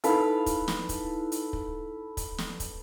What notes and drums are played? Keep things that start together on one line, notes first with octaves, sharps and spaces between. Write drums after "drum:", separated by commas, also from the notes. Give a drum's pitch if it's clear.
D#4 E4 A4 B4 F5, drum: hi-hat
drum: kick, hi-hat
drum: snare
drum: kick, hi-hat
drum: hi-hat
drum: kick
drum: kick, hi-hat
drum: snare
drum: kick, hi-hat